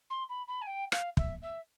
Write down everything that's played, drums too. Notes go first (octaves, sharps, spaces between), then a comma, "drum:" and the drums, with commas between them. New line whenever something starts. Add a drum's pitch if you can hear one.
C6
B5
B5
G#5
G5
F5, drum: rim click
E5, drum: kick
E5